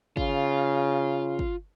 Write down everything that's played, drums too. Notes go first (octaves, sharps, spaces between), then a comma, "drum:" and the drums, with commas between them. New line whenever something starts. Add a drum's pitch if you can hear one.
C#3 F4, drum: kick
drum: kick